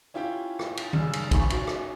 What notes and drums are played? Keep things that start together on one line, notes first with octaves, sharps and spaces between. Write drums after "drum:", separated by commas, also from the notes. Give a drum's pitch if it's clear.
C#4 E4 F4 G4 G5
drum: rim click
drum: cymbal
F#1 C#3 G3 E6, drum: tom D#3
drum: cymbal
G#1 C3 G#5 B5 C#6, drum: kick, cymbal
C#4 F#4, drum: cymbal
drum: rim click